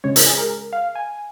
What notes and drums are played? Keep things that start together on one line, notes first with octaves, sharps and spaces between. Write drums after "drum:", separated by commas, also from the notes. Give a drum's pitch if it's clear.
C#3 G#3 C#4 C#5
A#4, drum: hi-hat
G#4
A#4
F5
G#5